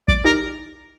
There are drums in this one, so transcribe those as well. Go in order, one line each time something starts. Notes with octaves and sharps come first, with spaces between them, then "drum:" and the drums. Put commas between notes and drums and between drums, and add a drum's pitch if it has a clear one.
D5, drum: kick
D#4 G4 A#4